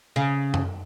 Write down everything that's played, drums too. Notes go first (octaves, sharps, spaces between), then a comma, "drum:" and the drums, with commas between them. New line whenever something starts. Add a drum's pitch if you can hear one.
C#3
drum: tom F#2